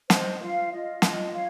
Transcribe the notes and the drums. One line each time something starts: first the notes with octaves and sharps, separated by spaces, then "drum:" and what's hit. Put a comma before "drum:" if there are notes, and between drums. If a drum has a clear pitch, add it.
C5 D#5, drum: snare
F4 F5
F4 D#5
F4 D#5, drum: snare
C#5 F5